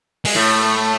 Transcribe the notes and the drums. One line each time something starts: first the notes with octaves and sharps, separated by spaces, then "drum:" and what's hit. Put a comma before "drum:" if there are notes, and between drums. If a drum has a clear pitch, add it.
G#3, drum: open hi-hat
A2 A3